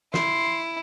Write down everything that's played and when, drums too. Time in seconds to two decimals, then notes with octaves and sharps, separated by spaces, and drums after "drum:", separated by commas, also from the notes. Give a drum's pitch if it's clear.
0.14 E4 C6, drum: snare